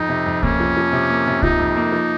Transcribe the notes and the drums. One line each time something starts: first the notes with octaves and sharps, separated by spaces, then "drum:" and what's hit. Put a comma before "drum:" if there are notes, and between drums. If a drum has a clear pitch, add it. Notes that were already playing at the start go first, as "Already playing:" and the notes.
Already playing: F2 D#4
C3
F2
A#3 C#4, drum: kick C2
F3
F3
C3
A#3
C3
F3 D#4, drum: kick C2
F2
A#3
F3